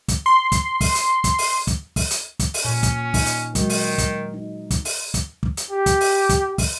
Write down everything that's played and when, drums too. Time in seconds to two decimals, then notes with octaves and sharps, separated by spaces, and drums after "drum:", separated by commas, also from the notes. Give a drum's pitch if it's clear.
0.08 drum: kick, hi-hat
0.26 C6
0.52 drum: kick, hi-hat
0.81 drum: kick, open hi-hat
0.95 drum: hi-hat
1.24 drum: kick, hi-hat
1.38 drum: open hi-hat
1.67 drum: kick, hi-hat
1.96 drum: kick, open hi-hat
2.11 drum: hi-hat
2.39 drum: kick, hi-hat
2.54 drum: open hi-hat
2.65 A#2 C#4
2.83 drum: kick, hi-hat
3.14 D#4, drum: kick, open hi-hat
3.26 drum: hi-hat
3.55 D#3 F#3 G#3, drum: kick, hi-hat
3.69 drum: open hi-hat
3.98 drum: kick, hi-hat
4.34 D#4
4.71 drum: kick, hi-hat
4.85 drum: open hi-hat
5.14 drum: kick, hi-hat
5.43 drum: kick
5.57 drum: hi-hat
5.71 G4
5.86 drum: kick, hi-hat
6.00 drum: open hi-hat
6.29 drum: kick, hi-hat
6.58 drum: kick, open hi-hat